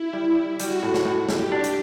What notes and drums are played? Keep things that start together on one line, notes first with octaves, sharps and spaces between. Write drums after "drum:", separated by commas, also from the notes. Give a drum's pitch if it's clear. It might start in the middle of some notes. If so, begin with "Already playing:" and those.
Already playing: E4
G3
G3
G3 F#4, drum: hi-hat
A2
drum: snare
A2
A2 G4, drum: snare
D4
drum: hi-hat